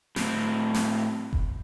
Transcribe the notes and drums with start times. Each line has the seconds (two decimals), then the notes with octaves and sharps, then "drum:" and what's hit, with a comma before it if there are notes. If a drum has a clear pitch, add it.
0.16 A2 C4, drum: snare
0.74 drum: snare
1.33 drum: kick F1